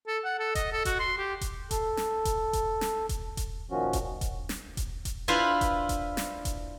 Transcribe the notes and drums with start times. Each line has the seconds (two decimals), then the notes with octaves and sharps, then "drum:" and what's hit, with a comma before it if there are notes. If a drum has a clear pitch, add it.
0.07 A4
0.24 F#5
0.39 A4
0.55 D#5, drum: kick E1, hi-hat
0.72 A4
0.85 F#4, drum: kick E1, hi-hat
0.99 C6
1.18 G4
1.41 drum: kick E1, hi-hat
1.71 A4, drum: kick E1, hi-hat
1.97 drum: snare
2.25 drum: kick E1, hi-hat
2.53 drum: kick E1, hi-hat
2.81 drum: snare
3.09 drum: kick E1, hi-hat
3.37 drum: kick E1, hi-hat
3.71 A#2 D#3 F3 C#4 F#4
3.93 drum: kick E1, hi-hat
4.21 drum: kick E1, hi-hat
4.49 drum: snare
4.77 drum: kick E1, hi-hat
5.05 drum: kick E1, hi-hat
5.28 D4 E4 F4 B4 C5 F5
5.61 drum: kick E1, hi-hat
5.89 drum: kick E1, hi-hat
6.17 drum: snare
6.45 drum: kick E1, hi-hat